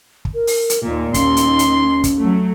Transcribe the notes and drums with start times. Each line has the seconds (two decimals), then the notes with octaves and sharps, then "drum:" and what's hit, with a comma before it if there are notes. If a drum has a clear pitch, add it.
0.25 drum: kick
0.34 A#4
0.47 drum: open hi-hat
0.70 drum: hi-hat
0.83 D#2 A#2 A#3
1.14 D#2 C#4 C6, drum: kick, hi-hat
1.37 drum: hi-hat
1.59 drum: hi-hat
2.04 drum: kick, hi-hat
2.18 F#3 A3